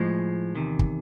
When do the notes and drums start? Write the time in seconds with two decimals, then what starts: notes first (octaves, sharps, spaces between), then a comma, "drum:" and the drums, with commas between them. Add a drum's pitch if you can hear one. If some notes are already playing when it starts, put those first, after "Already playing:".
Already playing: A2 F3 G#3
0.55 E2 C3 D#3
0.79 drum: kick